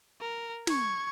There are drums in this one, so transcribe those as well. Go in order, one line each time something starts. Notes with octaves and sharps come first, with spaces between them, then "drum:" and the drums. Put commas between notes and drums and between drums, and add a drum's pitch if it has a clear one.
A#4
C#6 G#6, drum: snare